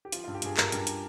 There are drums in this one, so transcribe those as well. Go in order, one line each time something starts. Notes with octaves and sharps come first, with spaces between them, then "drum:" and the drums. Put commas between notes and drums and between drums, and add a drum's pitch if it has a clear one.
G4
F3 F4, drum: hi-hat
G2 F4
G4
G2 G#4, drum: hi-hat
G2 A#4, drum: clap
G2, drum: hi-hat
drum: hi-hat